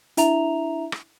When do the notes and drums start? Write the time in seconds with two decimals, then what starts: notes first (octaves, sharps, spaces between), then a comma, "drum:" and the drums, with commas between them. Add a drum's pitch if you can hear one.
0.17 D4 E4 E5 A#5 F7, drum: hi-hat
0.92 drum: rim click